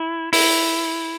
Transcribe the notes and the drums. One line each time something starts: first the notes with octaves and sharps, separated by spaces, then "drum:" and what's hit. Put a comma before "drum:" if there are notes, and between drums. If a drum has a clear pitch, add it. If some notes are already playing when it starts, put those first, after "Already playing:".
Already playing: E4
E4, drum: open hi-hat